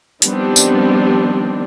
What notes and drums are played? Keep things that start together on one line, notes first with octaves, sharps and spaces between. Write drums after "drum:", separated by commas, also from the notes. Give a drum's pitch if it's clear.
D#3 F3 G3 B3 C4 D4, drum: hi-hat
drum: tambourine